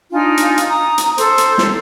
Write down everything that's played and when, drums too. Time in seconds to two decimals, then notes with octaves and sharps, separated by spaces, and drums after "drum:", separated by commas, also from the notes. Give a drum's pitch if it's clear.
0.11 D4 D#4 F4 G#5
0.37 drum: hi-hat
0.58 drum: hi-hat
0.68 A#5 D#6
0.98 drum: hi-hat
1.18 A4 C5, drum: hi-hat
1.38 drum: hi-hat
1.58 drum: snare